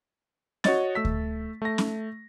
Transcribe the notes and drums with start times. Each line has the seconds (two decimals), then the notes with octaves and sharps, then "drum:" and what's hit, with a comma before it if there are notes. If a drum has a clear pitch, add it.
0.64 F#4 C#5 D#5 A6, drum: snare
0.95 A3 E6 B6
1.05 drum: kick D2
1.62 A3 A#6
1.78 drum: snare